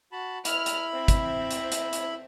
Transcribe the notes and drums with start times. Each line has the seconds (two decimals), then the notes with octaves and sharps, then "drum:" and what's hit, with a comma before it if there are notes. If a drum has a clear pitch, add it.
0.12 F#4 A5 B5
0.45 E4 B5 F6, drum: hi-hat
0.66 drum: hi-hat
0.92 C4 E5
1.08 drum: kick, hi-hat
1.51 drum: hi-hat
1.72 drum: hi-hat
1.93 drum: hi-hat